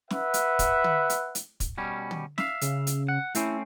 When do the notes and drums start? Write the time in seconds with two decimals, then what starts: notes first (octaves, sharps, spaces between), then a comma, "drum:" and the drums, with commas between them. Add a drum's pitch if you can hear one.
0.10 B4 E5 F#5, drum: snare
0.34 drum: hi-hat
0.59 drum: kick, hi-hat
0.84 drum: tom
1.10 drum: hi-hat
1.35 drum: hi-hat
1.60 drum: kick, hi-hat
1.78 B2 G3 C#4
2.11 drum: tom
2.38 E5 F5, drum: snare
2.61 C#3, drum: hi-hat
2.87 drum: hi-hat
3.08 F#5
3.35 A3 C4 C#4 E4, drum: hi-hat